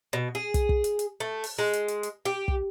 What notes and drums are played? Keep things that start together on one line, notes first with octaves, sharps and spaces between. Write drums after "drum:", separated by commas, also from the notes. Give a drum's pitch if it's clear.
B2
G#4
drum: kick, hi-hat
drum: kick
drum: hi-hat
drum: hi-hat
A3
drum: open hi-hat
G#3
drum: hi-hat
drum: hi-hat
drum: hi-hat
G4
drum: kick